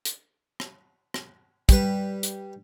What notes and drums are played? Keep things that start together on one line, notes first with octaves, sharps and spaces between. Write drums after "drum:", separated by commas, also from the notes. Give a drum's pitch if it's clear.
drum: hi-hat
drum: rim click
drum: rim click
G3 B4, drum: kick, hi-hat
drum: hi-hat